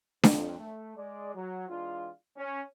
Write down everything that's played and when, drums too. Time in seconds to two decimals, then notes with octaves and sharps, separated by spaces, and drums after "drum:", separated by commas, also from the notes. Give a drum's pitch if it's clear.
0.23 F2, drum: snare D4
0.59 A3
0.96 G#3 D5
1.34 F#3
1.68 E3 G#3 D4 F4
2.37 C#4